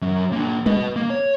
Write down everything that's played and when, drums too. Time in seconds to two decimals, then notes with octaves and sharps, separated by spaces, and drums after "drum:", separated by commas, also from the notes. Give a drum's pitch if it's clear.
0.02 F#3 C#4
0.32 A#3 D4
0.66 B4 D#5, drum: tom G3
0.96 A#3
1.10 C#5